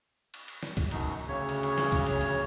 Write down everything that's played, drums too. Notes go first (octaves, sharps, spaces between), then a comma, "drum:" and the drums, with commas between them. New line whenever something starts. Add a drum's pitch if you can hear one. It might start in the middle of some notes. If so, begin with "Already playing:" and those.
drum: cymbal
drum: cymbal
drum: snare
drum: kick, cymbal
F#2 B2 D#4, drum: cymbal
D2 C#3 C#5
drum: cymbal
drum: cymbal
drum: snare
drum: kick, cymbal
drum: cymbal
drum: cymbal